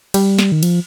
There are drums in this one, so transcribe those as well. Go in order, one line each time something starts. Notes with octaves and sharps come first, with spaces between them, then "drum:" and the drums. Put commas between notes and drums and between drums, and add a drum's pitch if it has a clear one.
G3, drum: cymbal
drum: snare
D#3
F3, drum: cymbal